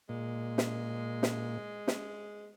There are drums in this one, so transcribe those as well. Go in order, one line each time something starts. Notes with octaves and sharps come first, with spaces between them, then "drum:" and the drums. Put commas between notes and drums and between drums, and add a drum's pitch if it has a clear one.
A#2 G#3
drum: snare
drum: snare
drum: snare